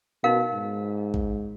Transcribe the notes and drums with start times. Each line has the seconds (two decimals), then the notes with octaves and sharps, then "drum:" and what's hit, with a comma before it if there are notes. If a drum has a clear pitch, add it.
0.23 B2 D#4 A#4 F5
0.53 G#2
1.14 drum: kick